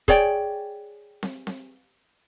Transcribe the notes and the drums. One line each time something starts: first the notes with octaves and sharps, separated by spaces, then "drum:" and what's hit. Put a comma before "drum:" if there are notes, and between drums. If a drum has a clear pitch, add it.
G#4 C#5 D5 G5, drum: kick
drum: snare C4
drum: snare C4